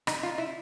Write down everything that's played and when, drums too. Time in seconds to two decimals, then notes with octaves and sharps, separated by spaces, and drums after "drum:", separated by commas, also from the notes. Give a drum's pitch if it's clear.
0.07 D#4, drum: rim click
0.23 F4
0.38 E4